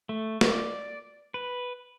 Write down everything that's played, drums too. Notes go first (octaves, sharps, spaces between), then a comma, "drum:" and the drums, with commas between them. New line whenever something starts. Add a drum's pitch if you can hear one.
A3
D5, drum: snare
B4